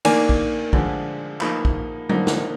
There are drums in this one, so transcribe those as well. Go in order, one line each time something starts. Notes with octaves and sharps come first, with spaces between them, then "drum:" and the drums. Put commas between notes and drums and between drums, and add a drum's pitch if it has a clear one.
D#3 A#3 D4 G#5, drum: cymbal
drum: kick A#1
D3 F3 G#3 D4, drum: kick A#1
F3 A#3 D#4 B5, drum: clap
drum: kick A#1
D3 F3 A#3 D#4, drum: tom F#3
drum: snare